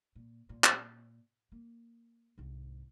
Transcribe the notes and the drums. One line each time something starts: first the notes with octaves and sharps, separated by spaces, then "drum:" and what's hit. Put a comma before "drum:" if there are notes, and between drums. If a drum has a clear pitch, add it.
A#2
A#2
drum: clap
A#3
C2 G#2